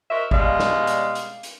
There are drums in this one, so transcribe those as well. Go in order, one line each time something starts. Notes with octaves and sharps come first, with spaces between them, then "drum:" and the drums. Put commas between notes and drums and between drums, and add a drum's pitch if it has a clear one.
F#4 A#4 C5 D#5 E5
B2 G3 G#3 D5 F5, drum: kick G#1
drum: snare
drum: hi-hat
drum: hi-hat
drum: hi-hat